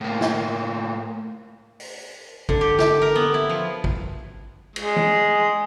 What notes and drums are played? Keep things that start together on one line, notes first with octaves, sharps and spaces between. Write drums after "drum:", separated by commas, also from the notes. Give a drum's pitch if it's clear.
A2 A#3
drum: snare
drum: open hi-hat
D3, drum: kick
G4
G4, drum: snare
A#4
B3
E4
F3
drum: kick
G#3, drum: cymbal
drum: tom